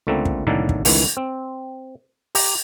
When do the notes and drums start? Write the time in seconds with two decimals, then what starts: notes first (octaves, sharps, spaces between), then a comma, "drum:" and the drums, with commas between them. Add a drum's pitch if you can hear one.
0.07 C#2 D3 A3 A#3 C4
0.25 drum: kick
0.47 C2 A2 D3 D#3 A#3 A5
0.69 drum: kick
0.85 C#2 D#3 E3 A3, drum: open hi-hat
1.17 C4
2.35 G4 A#5, drum: open hi-hat